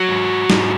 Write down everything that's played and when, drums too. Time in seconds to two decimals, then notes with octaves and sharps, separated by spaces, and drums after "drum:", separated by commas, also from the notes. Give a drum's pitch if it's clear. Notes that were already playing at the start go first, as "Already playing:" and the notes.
Already playing: F#3 F#4
0.09 G#2
0.50 G#2, drum: snare